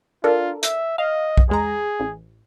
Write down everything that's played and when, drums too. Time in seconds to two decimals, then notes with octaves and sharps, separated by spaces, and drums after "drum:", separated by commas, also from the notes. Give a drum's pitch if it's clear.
0.24 D4 F4 A4 A#4
0.63 E5, drum: hi-hat
0.98 D#5 F5
1.37 drum: kick B1
1.49 E2 G#3 G#4 A#5
2.00 A1